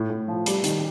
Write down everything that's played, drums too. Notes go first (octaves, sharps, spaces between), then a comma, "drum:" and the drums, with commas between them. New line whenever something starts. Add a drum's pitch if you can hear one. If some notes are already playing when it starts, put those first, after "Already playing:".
Already playing: A2
A2
F3
G3, drum: hi-hat
D#3, drum: hi-hat